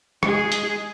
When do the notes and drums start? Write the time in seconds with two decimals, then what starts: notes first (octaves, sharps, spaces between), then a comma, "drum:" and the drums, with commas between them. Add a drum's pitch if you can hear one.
0.23 G#3 G#4, drum: rim click
0.52 drum: hi-hat